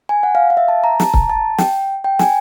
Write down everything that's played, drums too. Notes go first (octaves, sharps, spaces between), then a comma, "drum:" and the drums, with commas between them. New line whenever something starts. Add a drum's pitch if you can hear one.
G#5
F#5
F5
F5
E5
A5
A#5
A5, drum: snare
A#5, drum: kick C#1
A5
G5, drum: snare
G5
G#5, drum: snare